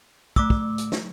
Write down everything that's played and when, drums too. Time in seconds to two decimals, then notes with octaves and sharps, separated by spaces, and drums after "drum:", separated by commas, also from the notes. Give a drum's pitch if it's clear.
0.36 A3 D6 E6, drum: kick
0.50 drum: kick
0.78 drum: hi-hat
0.92 drum: snare